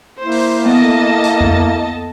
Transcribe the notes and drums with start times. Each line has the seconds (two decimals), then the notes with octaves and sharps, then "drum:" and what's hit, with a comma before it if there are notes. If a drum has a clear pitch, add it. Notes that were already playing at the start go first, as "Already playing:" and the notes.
0.22 A#3 E4 C5
0.32 drum: open hi-hat
0.65 B3 A4 D#5 A5
1.24 drum: hi-hat
1.41 drum: tom F2